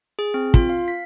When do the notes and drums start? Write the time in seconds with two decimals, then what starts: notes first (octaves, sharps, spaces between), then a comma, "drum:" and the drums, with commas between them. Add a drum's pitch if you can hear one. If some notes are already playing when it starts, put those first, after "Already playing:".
0.19 G#4
0.34 C4
0.54 F4, drum: kick
0.69 F5
0.88 B6